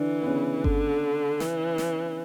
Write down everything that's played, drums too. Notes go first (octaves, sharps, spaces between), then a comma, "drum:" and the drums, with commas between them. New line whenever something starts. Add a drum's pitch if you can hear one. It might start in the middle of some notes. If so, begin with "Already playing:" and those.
Already playing: D3 E3 D4
B3
C#3 C#4
D3, drum: kick G1
E3, drum: snare
drum: snare